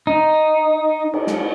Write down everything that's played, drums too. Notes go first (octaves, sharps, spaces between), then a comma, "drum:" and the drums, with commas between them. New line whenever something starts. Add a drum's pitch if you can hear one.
D#4
drum: cymbal
drum: snare